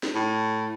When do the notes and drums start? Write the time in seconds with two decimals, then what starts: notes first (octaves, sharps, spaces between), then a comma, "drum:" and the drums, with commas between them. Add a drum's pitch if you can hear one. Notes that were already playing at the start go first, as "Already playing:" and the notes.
0.03 drum: snare
0.14 A2